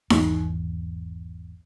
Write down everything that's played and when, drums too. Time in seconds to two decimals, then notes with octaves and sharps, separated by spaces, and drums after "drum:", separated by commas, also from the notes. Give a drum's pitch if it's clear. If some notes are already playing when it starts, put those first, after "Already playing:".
0.10 G#1 E2, drum: snare D#4